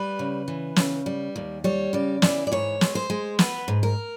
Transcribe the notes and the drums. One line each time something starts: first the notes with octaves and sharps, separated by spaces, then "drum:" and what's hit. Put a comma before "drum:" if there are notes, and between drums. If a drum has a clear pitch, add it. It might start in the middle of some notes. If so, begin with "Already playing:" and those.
Already playing: G3 B4
C#3
E3
C#3, drum: snare
G3
D#2
G3 C#5
C#3 D5
E3 D5, drum: snare
D5
G#2 C#5
G#3, drum: snare
C5
G#3
B3 B4, drum: snare
G#2
A#4